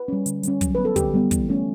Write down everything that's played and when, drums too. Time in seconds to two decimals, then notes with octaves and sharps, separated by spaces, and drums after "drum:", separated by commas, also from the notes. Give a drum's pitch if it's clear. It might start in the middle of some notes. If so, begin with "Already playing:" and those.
Already playing: B4
0.08 G3 C#4
0.26 D3, drum: hi-hat
0.43 G3 C#4, drum: hi-hat
0.61 F#3, drum: kick, hi-hat
0.75 B3 B4
0.85 A4
0.96 D3 G4, drum: kick, hi-hat
1.14 G3 B3
1.31 E3, drum: kick, hi-hat
1.49 A3 C#4